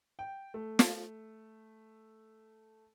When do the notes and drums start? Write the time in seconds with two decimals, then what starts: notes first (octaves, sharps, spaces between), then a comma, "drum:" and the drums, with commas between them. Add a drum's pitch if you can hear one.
0.19 G5
0.54 A3
0.79 drum: snare